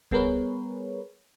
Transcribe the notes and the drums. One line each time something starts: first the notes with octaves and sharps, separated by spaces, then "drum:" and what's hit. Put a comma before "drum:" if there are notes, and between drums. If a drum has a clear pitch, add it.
G3 B3 G#4 A#4 B4 C#5, drum: kick C2